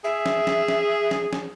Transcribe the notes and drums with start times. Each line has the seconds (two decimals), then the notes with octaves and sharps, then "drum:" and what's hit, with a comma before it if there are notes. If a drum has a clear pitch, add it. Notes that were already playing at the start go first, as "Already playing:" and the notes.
0.04 G#4 E5
0.26 drum: snare
0.47 drum: snare
0.68 drum: snare
1.11 drum: snare
1.33 drum: snare